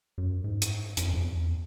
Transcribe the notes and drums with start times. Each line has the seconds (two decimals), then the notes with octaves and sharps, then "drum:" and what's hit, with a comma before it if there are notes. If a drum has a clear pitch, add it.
0.18 F#2
0.44 G#2
0.62 drum: hi-hat
0.97 F2, drum: hi-hat
1.05 F#2
1.14 F2
1.23 E2